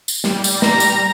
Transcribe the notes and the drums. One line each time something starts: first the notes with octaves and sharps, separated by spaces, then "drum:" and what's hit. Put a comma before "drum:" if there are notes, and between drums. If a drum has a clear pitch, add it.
drum: tambourine
G3, drum: snare
drum: tambourine
A#5, drum: snare
drum: tambourine